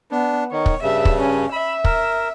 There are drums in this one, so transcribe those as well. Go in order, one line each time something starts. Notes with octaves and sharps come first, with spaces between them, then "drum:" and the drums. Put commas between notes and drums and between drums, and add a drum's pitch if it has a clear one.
B3 D4
D#3 C#5
drum: kick
G2 C#3 E5
drum: kick
C#4
E5 B5
A#4, drum: kick